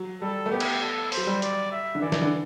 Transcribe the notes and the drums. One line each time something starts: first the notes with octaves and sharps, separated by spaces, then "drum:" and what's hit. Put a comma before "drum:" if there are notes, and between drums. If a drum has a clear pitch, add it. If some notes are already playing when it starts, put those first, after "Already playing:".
Already playing: F#3
G3 A4
A3
B3 G4
drum: cymbal
A4
C5, drum: open hi-hat
F#3
G3
D5, drum: hi-hat
E5
D3
E3 D5
E3, drum: snare
D3